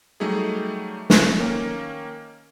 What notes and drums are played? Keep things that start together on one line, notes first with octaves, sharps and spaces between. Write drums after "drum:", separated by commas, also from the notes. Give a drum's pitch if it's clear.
F#3 G3 A3 D#4 G#4
drum: snare
D#3 A#3 C#4